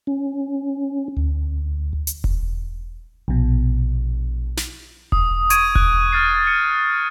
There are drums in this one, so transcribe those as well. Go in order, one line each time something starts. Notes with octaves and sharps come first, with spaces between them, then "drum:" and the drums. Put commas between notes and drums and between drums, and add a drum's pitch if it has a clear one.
C#4
D2
drum: hi-hat
drum: kick E1
A#1 B2
drum: snare
D#6, drum: kick E1
C#6 G#6 D7 D#7, drum: hi-hat
F#6, drum: kick E1
F6 A6 C7
C#7 D#7